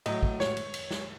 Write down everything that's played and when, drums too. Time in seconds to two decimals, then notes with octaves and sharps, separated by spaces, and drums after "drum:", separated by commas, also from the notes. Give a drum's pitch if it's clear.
0.06 A2 F#3 D#5, drum: cymbal
0.23 drum: kick
0.40 C#5, drum: snare
0.57 drum: cymbal
0.74 drum: cymbal
0.91 drum: snare